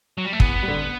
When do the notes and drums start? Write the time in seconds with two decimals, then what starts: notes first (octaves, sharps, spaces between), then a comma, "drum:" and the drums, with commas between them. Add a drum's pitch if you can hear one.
0.18 F#3
0.25 G3
0.33 A3
0.40 E2 B3, drum: kick
0.63 G3
0.68 D3